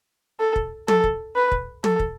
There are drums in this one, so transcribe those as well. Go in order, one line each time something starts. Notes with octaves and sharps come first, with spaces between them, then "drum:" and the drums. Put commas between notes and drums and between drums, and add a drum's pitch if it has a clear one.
A4
drum: kick
A4, drum: tom
drum: kick
B4
drum: kick
A4, drum: tom
drum: kick